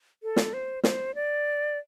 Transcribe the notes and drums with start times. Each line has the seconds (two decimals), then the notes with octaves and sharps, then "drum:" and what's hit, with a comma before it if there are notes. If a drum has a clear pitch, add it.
0.23 A4
0.36 drum: snare
0.53 C5
0.84 C5, drum: snare
1.15 D5